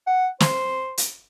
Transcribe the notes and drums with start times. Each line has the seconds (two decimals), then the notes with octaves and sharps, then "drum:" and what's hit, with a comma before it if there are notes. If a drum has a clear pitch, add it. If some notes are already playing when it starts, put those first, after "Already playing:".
0.07 F#5
0.40 C5, drum: snare
0.98 drum: hi-hat